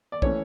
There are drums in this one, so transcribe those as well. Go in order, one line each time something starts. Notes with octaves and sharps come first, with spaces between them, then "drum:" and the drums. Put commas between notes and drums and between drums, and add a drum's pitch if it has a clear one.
D5
E3 A3 C#4 C#5, drum: kick